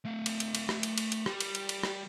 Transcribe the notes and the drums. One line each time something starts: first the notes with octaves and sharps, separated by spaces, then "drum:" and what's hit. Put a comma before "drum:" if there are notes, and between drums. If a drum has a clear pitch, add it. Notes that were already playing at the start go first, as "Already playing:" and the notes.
A3 F5
drum: cymbal
drum: cymbal
drum: cymbal
drum: rim click
drum: cymbal
drum: cymbal
drum: cymbal
G3, drum: rim click
drum: cymbal
drum: cymbal
drum: cymbal
drum: rim click